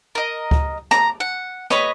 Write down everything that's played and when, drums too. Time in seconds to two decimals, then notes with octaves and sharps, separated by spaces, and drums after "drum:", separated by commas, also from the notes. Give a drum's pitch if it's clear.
0.15 A#4 D#5
0.51 drum: kick C#2
0.91 A#5, drum: rim click
1.20 F#5
1.70 B4 C#5 D#5, drum: rim click